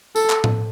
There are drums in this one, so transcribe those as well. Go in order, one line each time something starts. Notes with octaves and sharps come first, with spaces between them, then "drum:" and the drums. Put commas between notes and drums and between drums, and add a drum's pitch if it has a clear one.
A4, drum: tambourine
drum: clap
drum: tom A2